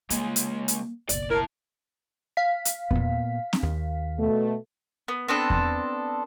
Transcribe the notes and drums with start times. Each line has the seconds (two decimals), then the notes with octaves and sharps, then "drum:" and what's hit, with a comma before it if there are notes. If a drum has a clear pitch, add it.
0.10 C#2 G3 G#3 A#3, drum: hi-hat
0.36 drum: hi-hat
0.68 drum: hi-hat
1.09 F#1 B1 D5, drum: hi-hat
1.30 E4 A#4 A5
2.37 F5 B6
2.65 drum: hi-hat
2.91 A#2 B3, drum: kick E2
3.53 drum: snare C4
3.63 D#2
4.18 B2 A3
5.08 B3
5.28 B3 C4 D4 A4
5.50 drum: kick E2